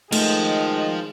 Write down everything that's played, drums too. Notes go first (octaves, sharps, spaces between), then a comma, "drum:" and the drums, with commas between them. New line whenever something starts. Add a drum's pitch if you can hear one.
D#3 F3 G#3 A3, drum: cymbal